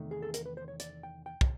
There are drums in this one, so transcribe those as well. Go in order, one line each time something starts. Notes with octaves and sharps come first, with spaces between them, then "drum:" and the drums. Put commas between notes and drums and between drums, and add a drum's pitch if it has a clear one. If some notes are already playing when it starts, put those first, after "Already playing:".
Already playing: E2 C3 D#3 A3
G#4
A4
A#4, drum: hi-hat
B4
C5
C#5
D5, drum: hi-hat
G5
G5
drum: kick